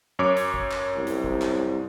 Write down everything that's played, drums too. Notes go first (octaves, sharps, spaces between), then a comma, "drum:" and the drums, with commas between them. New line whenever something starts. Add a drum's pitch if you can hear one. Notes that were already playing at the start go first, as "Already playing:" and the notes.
F#2 C#5 D6
drum: hi-hat
drum: kick
drum: clap
C2
drum: hi-hat
drum: kick
drum: clap